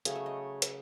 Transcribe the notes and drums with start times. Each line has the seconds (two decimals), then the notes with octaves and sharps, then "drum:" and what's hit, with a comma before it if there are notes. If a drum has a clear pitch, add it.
0.05 C#3 F#3 A3 G#4, drum: hi-hat
0.16 E5
0.26 D#5
0.62 drum: hi-hat